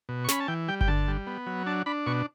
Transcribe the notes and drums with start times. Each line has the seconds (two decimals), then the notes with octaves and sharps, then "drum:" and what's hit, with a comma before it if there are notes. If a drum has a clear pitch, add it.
0.09 B2
0.24 C#6
0.28 C#4 B5, drum: snare
0.40 A5
0.48 E3 G5
0.68 G3 G5
0.81 G5, drum: kick G1
0.88 D3 A5
1.08 G3
1.27 B3
1.47 F#3
1.66 D4 A5
1.86 D4 B5
2.06 B2 C#6